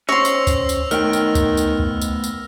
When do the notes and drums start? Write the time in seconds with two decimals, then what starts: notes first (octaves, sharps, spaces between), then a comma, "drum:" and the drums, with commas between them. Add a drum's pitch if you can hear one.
0.09 C#4 C5 C#5 C6 E6 A#6 F7
0.25 drum: tambourine
0.47 drum: kick, tambourine
0.69 drum: tambourine
0.91 D#3 A3 B3 G5 F6, drum: tambourine
1.13 drum: tambourine
1.35 drum: kick, tambourine
1.57 drum: tambourine
1.79 drum: kick
2.02 drum: tambourine
2.24 drum: tambourine